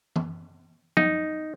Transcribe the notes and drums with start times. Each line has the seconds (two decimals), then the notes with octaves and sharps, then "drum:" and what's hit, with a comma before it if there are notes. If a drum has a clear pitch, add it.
0.16 drum: tom E3
0.97 D#4, drum: tom